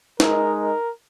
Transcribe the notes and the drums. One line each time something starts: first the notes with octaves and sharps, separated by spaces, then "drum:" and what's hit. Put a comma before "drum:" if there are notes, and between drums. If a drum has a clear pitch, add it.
G#3 D#4 A#4, drum: snare
A#4